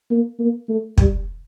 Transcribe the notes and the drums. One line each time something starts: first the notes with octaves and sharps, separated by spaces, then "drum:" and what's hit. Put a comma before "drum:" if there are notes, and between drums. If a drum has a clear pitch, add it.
A#3
A#3
A3
G3, drum: kick